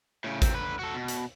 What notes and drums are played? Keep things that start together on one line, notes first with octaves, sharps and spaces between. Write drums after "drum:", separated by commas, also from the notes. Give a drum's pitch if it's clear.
A2 C#3
A#2 C4, drum: kick G#1, hi-hat
D3 B4
F#4 A4
B2
drum: hi-hat